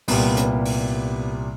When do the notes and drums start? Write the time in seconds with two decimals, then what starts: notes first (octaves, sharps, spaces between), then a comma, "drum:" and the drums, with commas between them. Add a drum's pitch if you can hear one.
0.08 C2 A#2 G3 B3, drum: open hi-hat
0.37 drum: hi-hat
0.65 drum: open hi-hat